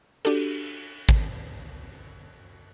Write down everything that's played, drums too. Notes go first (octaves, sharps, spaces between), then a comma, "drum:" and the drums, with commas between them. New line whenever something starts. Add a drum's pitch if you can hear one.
D4 F#4 G4 A4, drum: cymbal
drum: kick G#1